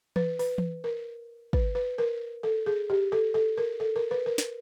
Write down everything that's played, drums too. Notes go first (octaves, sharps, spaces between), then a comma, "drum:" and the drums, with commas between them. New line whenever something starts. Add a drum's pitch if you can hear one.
B4, drum: tom E3
B4, drum: open hi-hat
drum: tom E3
A#4
B4, drum: kick
B4
A#4
A4
G#4
G4
A4
A4
A#4
A4
A#4
B4
A#4
drum: snare